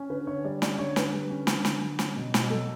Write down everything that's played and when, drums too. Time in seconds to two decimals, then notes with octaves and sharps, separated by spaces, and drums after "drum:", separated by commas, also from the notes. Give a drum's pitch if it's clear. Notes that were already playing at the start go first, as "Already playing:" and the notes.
Already playing: C#4
0.10 D3 B4
0.27 D3 C#5
0.44 G3 D5
0.62 C#4 D5, drum: snare
0.78 D3 C#5
0.96 D3 B4, drum: snare
1.14 G3
1.30 C#4
1.47 D3, drum: snare
1.65 D3, drum: snare
1.81 F#3
1.99 C#4, drum: snare
2.16 B2
2.34 B2, drum: snare
2.50 F#3 A4